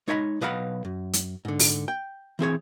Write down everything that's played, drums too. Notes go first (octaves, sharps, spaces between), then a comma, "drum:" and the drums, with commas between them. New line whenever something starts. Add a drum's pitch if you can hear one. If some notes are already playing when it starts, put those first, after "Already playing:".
G#3 D#4 C#5 D#5 G#5 B5
B1 B4 D#5 F5 F#5 B5
F#2
drum: hi-hat
G#2 D3
drum: open hi-hat
G5
E3 C4 G#4 C#5